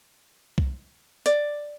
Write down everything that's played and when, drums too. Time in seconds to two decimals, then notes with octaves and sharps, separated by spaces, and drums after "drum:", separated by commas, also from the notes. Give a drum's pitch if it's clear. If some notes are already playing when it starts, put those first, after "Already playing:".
0.58 drum: kick C2
1.26 D5, drum: hi-hat